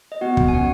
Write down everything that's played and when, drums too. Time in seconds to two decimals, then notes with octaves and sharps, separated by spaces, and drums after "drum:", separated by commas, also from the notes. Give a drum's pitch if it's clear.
0.12 D#5
0.21 B3 F#4 F#5
0.37 drum: kick
0.48 G#5
0.53 C#4 F#4 F#5